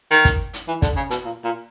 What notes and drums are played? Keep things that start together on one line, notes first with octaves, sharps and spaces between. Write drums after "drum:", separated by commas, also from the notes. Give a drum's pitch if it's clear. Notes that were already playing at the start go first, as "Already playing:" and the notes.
D#3
drum: kick, hi-hat
drum: hi-hat
E3
D3, drum: kick, hi-hat
C#3
B2, drum: hi-hat
A#2
A#2